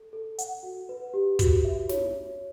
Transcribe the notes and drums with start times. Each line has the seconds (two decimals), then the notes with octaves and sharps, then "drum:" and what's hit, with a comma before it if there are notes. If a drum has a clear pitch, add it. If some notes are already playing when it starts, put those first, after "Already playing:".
Already playing: A4
0.13 A4
0.39 F#5, drum: hi-hat
0.63 F#4
0.89 B4
1.14 G4
1.39 F#4, drum: kick, hi-hat
1.65 E5
1.89 C#5, drum: snare
2.14 C#5